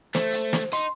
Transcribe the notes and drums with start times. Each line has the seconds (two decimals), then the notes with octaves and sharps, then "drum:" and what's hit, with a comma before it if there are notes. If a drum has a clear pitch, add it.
0.15 A3 C5, drum: snare
0.33 drum: hi-hat
0.53 drum: snare
0.73 D#4 C6, drum: hi-hat